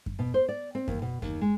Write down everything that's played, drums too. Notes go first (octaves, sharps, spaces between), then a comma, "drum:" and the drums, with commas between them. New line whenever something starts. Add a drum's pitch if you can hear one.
drum: kick F#2
B2
C5
D5
C4
D#2, drum: kick F#2
B2
D#2, drum: kick F#2
G#3